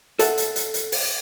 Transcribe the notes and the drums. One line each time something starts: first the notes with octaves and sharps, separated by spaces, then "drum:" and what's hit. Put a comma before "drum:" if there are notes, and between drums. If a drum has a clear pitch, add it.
A4 E5 F#5, drum: hi-hat
drum: hi-hat
drum: hi-hat
drum: hi-hat
drum: open hi-hat